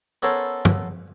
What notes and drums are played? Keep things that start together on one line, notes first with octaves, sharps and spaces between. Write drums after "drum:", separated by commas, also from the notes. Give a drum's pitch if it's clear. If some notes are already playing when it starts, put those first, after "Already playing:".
B3 C#4 A4 A#4 C5 C#5
drum: tom